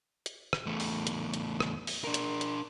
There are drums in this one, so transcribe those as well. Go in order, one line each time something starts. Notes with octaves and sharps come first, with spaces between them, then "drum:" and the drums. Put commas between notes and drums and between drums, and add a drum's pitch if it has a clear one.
drum: hi-hat
drum: rim click
E2 A3
drum: open hi-hat
drum: hi-hat
drum: hi-hat
drum: rim click
drum: open hi-hat
D4 A#4
drum: hi-hat
drum: hi-hat